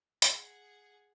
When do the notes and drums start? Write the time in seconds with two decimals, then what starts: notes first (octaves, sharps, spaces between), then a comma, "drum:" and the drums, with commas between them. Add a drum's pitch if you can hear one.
0.22 G#4 F#5, drum: hi-hat